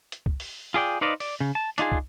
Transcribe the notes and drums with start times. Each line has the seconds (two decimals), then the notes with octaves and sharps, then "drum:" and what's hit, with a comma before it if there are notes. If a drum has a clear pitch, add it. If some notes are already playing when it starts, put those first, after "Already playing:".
0.12 drum: hi-hat
0.26 drum: kick
0.40 drum: open hi-hat
0.74 F4 G#4 D5 G5
1.01 D#4 B4 C5 D5 D#5 F5
1.20 D5, drum: open hi-hat
1.40 C#3
1.55 A5
1.78 D4 D#4 F4 G#4, drum: hi-hat
1.92 drum: kick